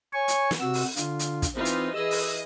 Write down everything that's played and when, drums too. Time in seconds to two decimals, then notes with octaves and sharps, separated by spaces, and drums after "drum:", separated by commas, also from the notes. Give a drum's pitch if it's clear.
0.13 C#5 G#5 C#6
0.28 drum: hi-hat
0.51 drum: snare
0.60 C3 F#4 E6
0.74 drum: open hi-hat
0.96 D3 F4, drum: hi-hat
1.19 drum: hi-hat
1.42 drum: kick, hi-hat
1.56 E3 C4 D#4 F4
1.65 drum: hi-hat
1.95 E3 G#4 D#5 E6
2.11 drum: open hi-hat